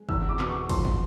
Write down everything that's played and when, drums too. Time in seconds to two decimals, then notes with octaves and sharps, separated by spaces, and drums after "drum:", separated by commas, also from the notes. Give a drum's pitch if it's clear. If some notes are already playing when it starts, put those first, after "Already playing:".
Already playing: G#3
0.09 E2 E6, drum: kick
0.29 D6
0.39 B2, drum: clap
0.49 C#6
0.69 F3 C6, drum: kick, cymbal
0.85 drum: kick